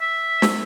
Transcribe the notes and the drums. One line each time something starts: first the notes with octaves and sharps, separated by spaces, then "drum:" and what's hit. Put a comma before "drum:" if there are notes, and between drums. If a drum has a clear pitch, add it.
E5
drum: snare